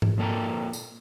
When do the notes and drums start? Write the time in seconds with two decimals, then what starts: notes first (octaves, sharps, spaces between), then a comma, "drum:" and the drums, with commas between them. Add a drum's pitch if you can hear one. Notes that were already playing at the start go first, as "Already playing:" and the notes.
0.02 drum: tom G#2
0.18 F2 A#2 A#3 A4 G5 A#5
0.73 drum: tambourine